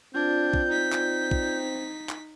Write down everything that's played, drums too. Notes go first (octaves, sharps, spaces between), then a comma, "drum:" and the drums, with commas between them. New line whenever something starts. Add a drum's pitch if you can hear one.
C4 D4 F4 D5 G6
drum: kick
D#4 B6
drum: clap
drum: kick
drum: clap